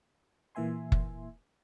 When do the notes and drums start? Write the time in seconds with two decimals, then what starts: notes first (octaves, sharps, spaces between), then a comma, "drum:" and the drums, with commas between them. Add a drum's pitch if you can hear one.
0.55 A#2 E3 A#3 E5 G#5 C6
0.92 drum: kick F#1